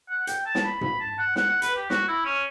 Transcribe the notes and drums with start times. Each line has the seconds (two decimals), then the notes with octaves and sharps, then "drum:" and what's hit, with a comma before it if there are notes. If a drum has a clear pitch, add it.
0.10 F#5
0.27 G5, drum: hi-hat
0.45 A5
0.55 drum: snare
0.64 B5
0.81 B5, drum: tom G#2
1.00 A5
1.18 F#5
1.36 F#5, drum: snare
1.49 F#5
1.62 B4, drum: hi-hat
1.76 G4
1.90 F#4, drum: snare
2.08 E4
2.25 C#4